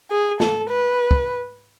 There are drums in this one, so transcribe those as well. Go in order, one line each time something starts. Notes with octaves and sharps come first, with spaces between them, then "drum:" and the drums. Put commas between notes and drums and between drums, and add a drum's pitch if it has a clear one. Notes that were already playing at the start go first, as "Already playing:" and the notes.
G#4
A4, drum: snare
B4
drum: kick